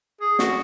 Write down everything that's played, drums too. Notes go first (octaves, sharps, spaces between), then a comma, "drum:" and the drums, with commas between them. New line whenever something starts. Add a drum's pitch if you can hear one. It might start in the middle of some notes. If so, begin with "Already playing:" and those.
G#4
F#4, drum: snare